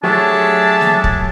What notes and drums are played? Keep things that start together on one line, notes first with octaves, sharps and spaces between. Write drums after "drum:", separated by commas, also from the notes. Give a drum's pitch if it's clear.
F#3 A3 D4 G4 G#4 C#5 E5 A5
drum: snare
drum: kick